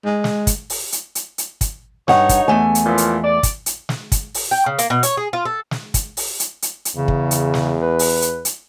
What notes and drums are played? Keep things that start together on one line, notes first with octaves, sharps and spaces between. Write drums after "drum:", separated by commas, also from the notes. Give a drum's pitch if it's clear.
G#3
drum: snare
drum: kick, hi-hat
drum: open hi-hat
drum: hi-hat
drum: hi-hat
drum: hi-hat
drum: kick, hi-hat
G2 D#4 C#5 F#5, drum: snare
drum: kick, hi-hat
E2 A3 G#5
drum: hi-hat
A#2 E3 F3
drum: hi-hat
D5
drum: kick, hi-hat
drum: hi-hat
drum: snare
drum: kick, hi-hat
drum: open hi-hat
G5
C#3
A#3, drum: hi-hat
B2
C#5, drum: hi-hat
G#4
F4
A4
drum: snare
drum: kick, hi-hat
drum: open hi-hat
drum: hi-hat
drum: hi-hat
drum: hi-hat
E2 C#3
drum: kick
drum: hi-hat
drum: snare
B4
drum: open hi-hat
drum: hi-hat
drum: hi-hat